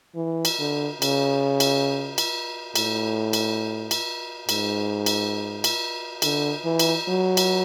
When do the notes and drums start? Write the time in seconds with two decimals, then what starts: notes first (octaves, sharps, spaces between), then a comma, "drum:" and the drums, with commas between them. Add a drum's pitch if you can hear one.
0.15 E3
0.45 drum: cymbal
0.59 D3
1.02 C#3, drum: cymbal
1.60 drum: cymbal
2.18 drum: cymbal
2.75 A2, drum: cymbal
3.33 drum: cymbal
3.91 drum: cymbal
4.49 G#2, drum: cymbal
5.06 drum: cymbal
5.64 drum: cymbal
6.22 D3, drum: cymbal
6.64 E3
6.79 drum: cymbal
7.09 F#3
7.37 drum: cymbal